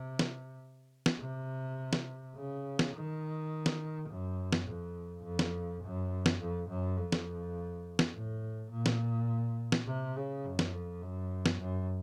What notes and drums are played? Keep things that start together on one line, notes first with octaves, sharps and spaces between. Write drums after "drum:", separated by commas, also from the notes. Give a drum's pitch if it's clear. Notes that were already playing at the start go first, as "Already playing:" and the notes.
Already playing: C3
drum: snare
drum: snare
C3
drum: snare
C#3
drum: snare
D#3
drum: snare
F#2
drum: snare
F2
F2
drum: snare
F#2
drum: snare
F2
F#2
F2
drum: snare
drum: snare
A2
A#2
drum: snare
drum: snare
C3
C#3
F#2
drum: snare
F2
F#2
drum: snare
F#2